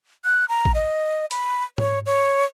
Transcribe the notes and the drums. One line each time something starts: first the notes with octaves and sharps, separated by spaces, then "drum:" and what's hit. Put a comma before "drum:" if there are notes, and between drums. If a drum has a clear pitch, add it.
F#6
A#5
drum: kick
D#5
B5, drum: hi-hat
C#5, drum: tom G#2
C#5